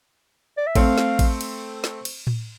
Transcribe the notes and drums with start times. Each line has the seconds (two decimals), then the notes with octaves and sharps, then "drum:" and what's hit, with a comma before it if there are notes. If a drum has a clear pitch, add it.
0.57 D5
0.67 E5
0.75 A3 C4 F5, drum: kick A1, cymbal
0.98 drum: snare
1.19 drum: kick A1, cymbal
1.41 drum: cymbal
1.84 drum: snare
2.05 drum: cymbal
2.27 drum: tom A2